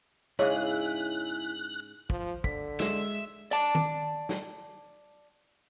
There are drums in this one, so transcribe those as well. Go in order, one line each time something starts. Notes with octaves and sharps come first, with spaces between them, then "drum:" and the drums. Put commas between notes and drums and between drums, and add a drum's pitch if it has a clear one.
G#2 C#3 E4 G#4 C#5 F#6
F3, drum: kick
D3 B6, drum: kick
G#3 E5, drum: snare
D5 A5, drum: hi-hat
drum: tom D#3
drum: snare